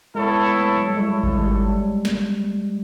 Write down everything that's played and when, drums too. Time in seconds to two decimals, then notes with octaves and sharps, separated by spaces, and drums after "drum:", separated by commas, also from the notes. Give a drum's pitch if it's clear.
0.15 G#3 B3 E4 A4 C#5
0.56 A3
0.75 F#3
0.85 G3
0.96 G#3 E4 A4 C#5
1.23 drum: kick G#1
1.37 G#3
1.44 G3
2.05 drum: snare